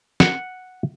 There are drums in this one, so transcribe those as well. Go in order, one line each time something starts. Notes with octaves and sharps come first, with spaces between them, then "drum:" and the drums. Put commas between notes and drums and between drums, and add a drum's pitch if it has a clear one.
F#5, drum: snare